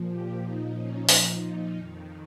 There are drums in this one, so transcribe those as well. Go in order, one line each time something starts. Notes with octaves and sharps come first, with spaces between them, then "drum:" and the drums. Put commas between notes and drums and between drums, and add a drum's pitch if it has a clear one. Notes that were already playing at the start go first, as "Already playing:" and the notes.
Already playing: A#2 F3
G4
A#2 F3 D#4
C#4
A#2 F3 D#4, drum: open hi-hat
F2 D#3